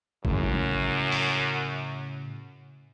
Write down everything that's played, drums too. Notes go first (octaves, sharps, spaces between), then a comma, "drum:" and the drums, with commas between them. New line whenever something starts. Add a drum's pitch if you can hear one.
F#2 A2 C#3, drum: kick
drum: tom F#3
drum: open hi-hat